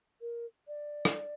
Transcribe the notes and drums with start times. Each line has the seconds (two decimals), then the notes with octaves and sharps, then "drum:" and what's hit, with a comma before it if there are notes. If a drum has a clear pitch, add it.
0.21 A#4
0.68 D5
1.05 drum: rim click